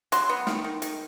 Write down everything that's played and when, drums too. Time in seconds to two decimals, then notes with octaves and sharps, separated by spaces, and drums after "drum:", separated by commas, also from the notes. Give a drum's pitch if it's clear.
0.12 F#3 C6, drum: hi-hat
0.29 B3
0.47 D#3, drum: snare
0.64 D#3
0.82 D#3, drum: hi-hat